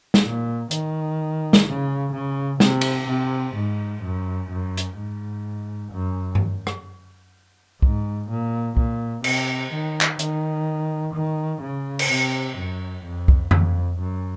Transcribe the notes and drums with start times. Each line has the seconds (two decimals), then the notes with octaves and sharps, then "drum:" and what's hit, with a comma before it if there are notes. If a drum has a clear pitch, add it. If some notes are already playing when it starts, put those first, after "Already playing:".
0.14 drum: snare
0.23 A#2
0.71 D#3, drum: hi-hat
1.53 drum: snare
1.66 C#3
2.12 C#3
2.60 C3, drum: snare
2.81 drum: cymbal
3.07 C3
3.55 G#2
4.02 F#2
4.51 F#2
4.78 drum: hi-hat
4.97 G#2
5.92 F#2
6.35 drum: tom G2
6.67 drum: rim click
7.82 G#2, drum: kick C2
8.30 A#2
8.77 A#2, drum: kick C2
9.24 C3, drum: cymbal
9.72 D#3
10.01 drum: clap
10.19 D#3, drum: hi-hat
11.14 D#3
11.61 C#3
11.99 drum: cymbal
12.09 C3
12.57 F#2
13.04 F2
13.28 drum: kick C2
13.51 F2, drum: tom F2
13.99 F#2